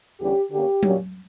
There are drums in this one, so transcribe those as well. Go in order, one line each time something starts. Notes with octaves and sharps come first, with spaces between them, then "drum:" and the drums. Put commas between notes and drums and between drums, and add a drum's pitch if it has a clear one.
E2 D3 G3 C#4 G4
D3 A#3 C#4 G4
A#2 F#3 C#4, drum: tom F#3